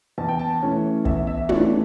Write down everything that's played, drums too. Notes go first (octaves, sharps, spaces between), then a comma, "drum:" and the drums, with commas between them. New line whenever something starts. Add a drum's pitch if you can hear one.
E2 A5
G5
A5
E3 A3 C#4
E2 E5, drum: kick
E5
E3 A3 C#4 D5, drum: tom